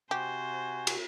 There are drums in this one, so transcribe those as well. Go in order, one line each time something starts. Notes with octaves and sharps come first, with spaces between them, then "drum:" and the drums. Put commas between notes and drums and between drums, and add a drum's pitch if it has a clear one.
C3 F#4 G4 C5 G#5
drum: cymbal